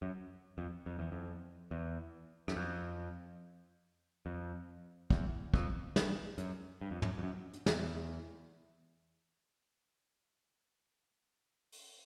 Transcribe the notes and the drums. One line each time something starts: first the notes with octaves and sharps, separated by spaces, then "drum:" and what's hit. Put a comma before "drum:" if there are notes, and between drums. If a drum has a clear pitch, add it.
F#2
F2
F2
E2
F2
E2
F#2, drum: rim click
F2
F2
E2, drum: kick
F2, drum: kick
G2, drum: snare
F#2, drum: hi-hat
G2
F2
F#2, drum: tom
F2
F#2
drum: hi-hat
E2, drum: snare
drum: open hi-hat